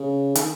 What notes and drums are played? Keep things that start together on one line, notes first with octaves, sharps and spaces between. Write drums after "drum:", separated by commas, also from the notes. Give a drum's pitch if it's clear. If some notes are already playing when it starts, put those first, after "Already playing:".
Already playing: C#3
D#3, drum: hi-hat